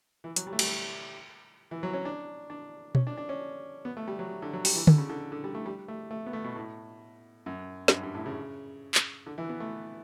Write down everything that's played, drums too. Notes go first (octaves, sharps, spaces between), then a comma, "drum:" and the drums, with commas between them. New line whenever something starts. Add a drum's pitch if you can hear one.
E3
F#3, drum: hi-hat
G3
A3
G3, drum: cymbal
E3
F#3
C#4
D4
D4
C#4, drum: tom B2
D4
D4
C#4
B3
A3
G3
F#3
D3
F#3
G3, drum: open hi-hat
E3
D3, drum: tom D3
C#3
D3
D3
G3
A3
G3
A3
A3
B3
A3
B2
A2
F#2
F#2, drum: snare
G2
G2
A2
C#3
drum: clap
D3
E3
B3
A3